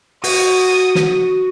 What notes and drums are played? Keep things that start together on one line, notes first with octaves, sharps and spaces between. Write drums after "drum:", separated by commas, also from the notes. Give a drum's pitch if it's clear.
F#4 D#6, drum: open hi-hat
drum: snare